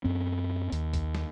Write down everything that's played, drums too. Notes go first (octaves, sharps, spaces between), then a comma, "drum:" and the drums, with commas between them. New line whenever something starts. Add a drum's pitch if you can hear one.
F#2 C4
D#2, drum: hi-hat
drum: kick A#1, hi-hat
drum: snare